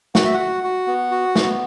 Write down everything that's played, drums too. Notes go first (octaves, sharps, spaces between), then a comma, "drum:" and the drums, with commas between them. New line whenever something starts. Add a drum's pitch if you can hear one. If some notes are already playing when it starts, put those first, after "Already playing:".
F#4 F#5, drum: snare
E5
F#5
F#4
F#4
B3
F#4
B3, drum: snare